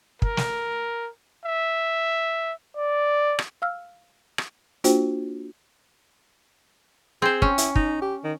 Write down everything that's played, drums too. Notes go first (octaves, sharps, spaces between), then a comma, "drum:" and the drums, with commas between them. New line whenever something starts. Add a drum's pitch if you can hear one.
A#4, drum: kick
drum: snare
E5
D5
drum: rim click
F5 E6 F6
drum: rim click
A#3 D4 F4 F#4 C5 G5, drum: hi-hat
C4 G#4 C5
C#4, drum: kick
E4, drum: hi-hat
D#4, drum: kick
G4
D#3